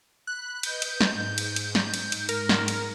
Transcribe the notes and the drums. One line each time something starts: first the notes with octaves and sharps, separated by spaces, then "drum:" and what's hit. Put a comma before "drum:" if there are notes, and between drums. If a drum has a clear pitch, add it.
B5 F#6
B4 D#5 G6, drum: cymbal
drum: cymbal
drum: snare
G#2
drum: cymbal
drum: cymbal
drum: snare
drum: cymbal
drum: cymbal
A#4, drum: cymbal
drum: snare
drum: cymbal